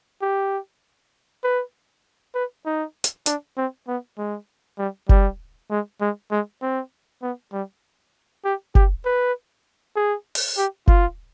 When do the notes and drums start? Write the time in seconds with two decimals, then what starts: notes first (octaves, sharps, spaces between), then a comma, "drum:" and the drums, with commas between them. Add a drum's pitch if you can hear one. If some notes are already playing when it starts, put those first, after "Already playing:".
0.22 G4
1.44 B4
2.35 B4
2.66 D#4
3.04 drum: hi-hat
3.26 D4, drum: hi-hat
3.57 C4
3.88 B3
4.18 G#3
4.78 G3
5.09 G3, drum: kick F#1
5.70 G#3
6.01 G#3
6.31 G#3
6.62 C4
7.22 B3
7.52 G3
8.45 G4
8.75 G4, drum: kick F#1
9.05 B4
9.96 G#4
10.35 drum: open hi-hat
10.57 G4
10.87 F4, drum: kick F#1